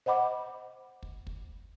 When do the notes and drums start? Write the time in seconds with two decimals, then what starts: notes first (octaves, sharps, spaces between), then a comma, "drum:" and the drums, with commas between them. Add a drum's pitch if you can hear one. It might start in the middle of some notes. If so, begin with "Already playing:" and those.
0.06 C5 D#5 F#5 B5 D6
1.03 drum: kick
1.27 drum: kick